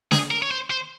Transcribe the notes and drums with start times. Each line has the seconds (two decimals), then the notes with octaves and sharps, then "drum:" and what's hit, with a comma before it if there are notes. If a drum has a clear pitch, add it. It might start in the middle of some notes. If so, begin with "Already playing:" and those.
0.11 G#4, drum: snare
0.31 A#4
0.42 C#5
0.51 C5
0.70 C5